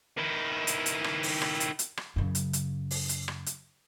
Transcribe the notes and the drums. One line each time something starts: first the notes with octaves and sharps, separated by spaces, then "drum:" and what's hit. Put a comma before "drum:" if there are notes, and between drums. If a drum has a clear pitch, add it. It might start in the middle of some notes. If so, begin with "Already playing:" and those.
D#3 E4
drum: hi-hat
drum: hi-hat
drum: rim click
drum: open hi-hat
drum: rim click
drum: hi-hat
drum: hi-hat
drum: rim click
F#2 C#3
drum: hi-hat
drum: hi-hat
drum: open hi-hat
drum: hi-hat
drum: rim click
drum: hi-hat